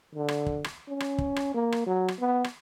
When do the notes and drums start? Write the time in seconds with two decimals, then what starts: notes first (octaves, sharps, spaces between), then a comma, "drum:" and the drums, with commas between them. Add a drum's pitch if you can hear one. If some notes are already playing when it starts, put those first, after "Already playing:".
0.15 D3
0.28 drum: rim click
0.46 drum: kick
0.64 drum: rim click
0.89 C#4
1.00 drum: rim click
1.18 drum: kick
1.36 drum: rim click
1.54 A#3
1.72 drum: rim click
1.87 F#3
2.08 drum: rim click
2.20 B3
2.44 drum: rim click